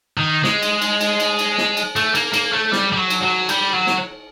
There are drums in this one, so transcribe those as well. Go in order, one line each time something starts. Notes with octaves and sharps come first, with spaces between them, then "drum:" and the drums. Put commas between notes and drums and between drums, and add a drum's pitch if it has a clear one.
D#3
G#3, drum: snare
drum: cymbal
drum: cymbal
drum: cymbal
drum: cymbal
drum: cymbal
drum: snare
drum: cymbal
A3, drum: cymbal
A#3, drum: cymbal
A#3, drum: cymbal
A3
G3, drum: snare
G3
F#3
drum: cymbal
F#3
G3, drum: cymbal
F#3
drum: snare